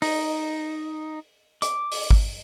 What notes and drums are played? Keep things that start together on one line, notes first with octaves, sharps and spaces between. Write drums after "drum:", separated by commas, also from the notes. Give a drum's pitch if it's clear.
D#4, drum: open hi-hat
D6, drum: hi-hat
drum: open hi-hat
drum: kick